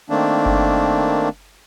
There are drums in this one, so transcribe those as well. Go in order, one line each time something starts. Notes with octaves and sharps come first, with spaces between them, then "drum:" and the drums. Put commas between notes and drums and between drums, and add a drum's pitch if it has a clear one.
D#3 A3 A#3 C4 D4
drum: kick G1